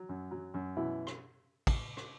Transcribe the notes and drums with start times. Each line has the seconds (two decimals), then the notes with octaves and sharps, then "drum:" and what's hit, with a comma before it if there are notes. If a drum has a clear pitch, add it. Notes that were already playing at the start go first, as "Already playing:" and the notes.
Already playing: F#3
0.09 F#2
0.31 F#3
0.54 F#2
0.76 B2 E3 E4
1.07 drum: rim click
1.67 drum: kick, cymbal
1.97 drum: rim click